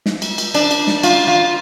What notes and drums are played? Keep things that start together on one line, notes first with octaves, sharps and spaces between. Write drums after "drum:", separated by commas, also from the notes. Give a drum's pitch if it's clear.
drum: snare
drum: cymbal
drum: cymbal
D4, drum: cymbal
drum: cymbal
drum: snare
F4, drum: cymbal
F4